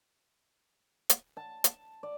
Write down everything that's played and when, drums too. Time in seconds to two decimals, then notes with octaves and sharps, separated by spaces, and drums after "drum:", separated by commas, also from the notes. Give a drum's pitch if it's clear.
1.10 drum: hi-hat
1.37 A5
1.64 drum: hi-hat
2.03 D5